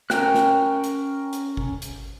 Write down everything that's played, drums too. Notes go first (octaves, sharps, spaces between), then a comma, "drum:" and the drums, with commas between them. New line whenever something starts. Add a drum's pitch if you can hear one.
C#4 A#4 G5 F#6, drum: snare
drum: snare
drum: hi-hat
drum: hi-hat
drum: kick G1
drum: hi-hat